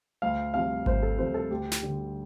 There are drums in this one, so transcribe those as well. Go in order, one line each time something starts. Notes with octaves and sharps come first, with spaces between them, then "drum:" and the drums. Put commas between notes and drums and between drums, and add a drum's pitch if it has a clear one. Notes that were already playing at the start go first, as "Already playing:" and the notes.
D2 F5
C3 F3 F5
D2 C5, drum: kick G#1
A4
C3 F3 C5
A4
D2 G4
drum: snare
D3 G3